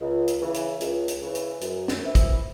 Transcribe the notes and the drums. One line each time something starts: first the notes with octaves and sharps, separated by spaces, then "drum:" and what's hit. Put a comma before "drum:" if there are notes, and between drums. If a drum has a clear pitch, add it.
C#2
drum: hi-hat
C#3 E3
drum: hi-hat
C#2, drum: hi-hat
drum: hi-hat
C#3 E3
drum: hi-hat
F#2, drum: hi-hat
drum: snare
E3 C4 E4
drum: kick, hi-hat